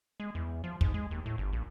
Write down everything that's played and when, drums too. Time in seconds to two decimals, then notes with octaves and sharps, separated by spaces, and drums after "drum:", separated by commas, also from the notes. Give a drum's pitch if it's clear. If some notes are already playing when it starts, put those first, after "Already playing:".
0.20 G#3
0.35 E2
0.64 F3
0.81 G#2, drum: kick
0.94 G#3
1.11 D#2
1.26 A2
1.38 G1
1.53 A#1